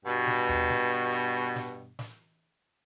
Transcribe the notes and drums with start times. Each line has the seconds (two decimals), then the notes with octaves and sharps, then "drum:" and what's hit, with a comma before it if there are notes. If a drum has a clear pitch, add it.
0.06 G2 B2
0.27 drum: snare
0.49 drum: tom D#2
0.70 drum: snare
1.56 drum: snare
1.99 drum: snare